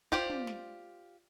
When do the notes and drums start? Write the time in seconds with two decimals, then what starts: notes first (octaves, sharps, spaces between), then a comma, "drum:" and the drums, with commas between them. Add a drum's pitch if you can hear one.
0.12 F4 G4 C5 D5, drum: kick
0.30 drum: tom
0.47 drum: snare